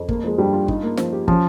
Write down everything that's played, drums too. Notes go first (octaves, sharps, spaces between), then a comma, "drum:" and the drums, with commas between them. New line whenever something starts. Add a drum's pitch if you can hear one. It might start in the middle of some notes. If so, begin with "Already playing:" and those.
Already playing: F2
A#3, drum: kick
F3 G#3
G2 G3
F4
D#4, drum: kick
A#3
F3, drum: snare
G4
F3 C#4, drum: kick